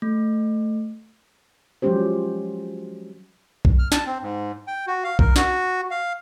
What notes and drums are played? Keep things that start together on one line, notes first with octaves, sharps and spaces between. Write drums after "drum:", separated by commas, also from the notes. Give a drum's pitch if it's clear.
A3
F3 F#3 G#3 C#4 G4 C5
drum: kick B1
F6
A5, drum: snare
C4
G#2
G5
F#4
F5
A#4, drum: kick B1
F#4, drum: snare
F5